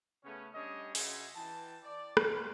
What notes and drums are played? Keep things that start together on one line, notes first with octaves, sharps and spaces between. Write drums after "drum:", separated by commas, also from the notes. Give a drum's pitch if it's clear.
C#3 A3 B3 C#4
G3 C#4 D4 C#5 D#5
C#3 F#4 D#5 E5 G#5 C6, drum: open hi-hat
E3 G5 A5
D5
D#3 A3 B3 C#4 F4 A#4, drum: rim click